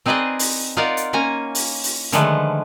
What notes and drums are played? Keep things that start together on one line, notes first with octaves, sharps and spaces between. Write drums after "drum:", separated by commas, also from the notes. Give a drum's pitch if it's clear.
C4 D#4 G#4 B4 D5 D#5
drum: open hi-hat
D#4 F4 A#4 D5 F5 F#5
drum: hi-hat
A#3 C#4 G#5 A#5
drum: open hi-hat
drum: open hi-hat
D3 D#3 F3 G#3 A3 B4, drum: hi-hat